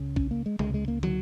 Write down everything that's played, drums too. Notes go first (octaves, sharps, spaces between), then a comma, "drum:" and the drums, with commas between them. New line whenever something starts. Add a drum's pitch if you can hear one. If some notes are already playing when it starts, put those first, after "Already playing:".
Already playing: C#2 C#3
C#4, drum: kick A#1
A#3
G#3
C#2 C#3 G#3, drum: tom C3
G#3
A#3
F#3, drum: tom